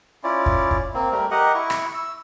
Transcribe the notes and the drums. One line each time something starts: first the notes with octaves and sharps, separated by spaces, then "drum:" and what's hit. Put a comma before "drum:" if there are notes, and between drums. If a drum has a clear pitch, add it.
C#4 E4 F4 D5
drum: kick
drum: kick
A#3 C4
G3 A3 A#4
G4 A#4 D#5 F#5
E4 C#6
drum: rim click
E6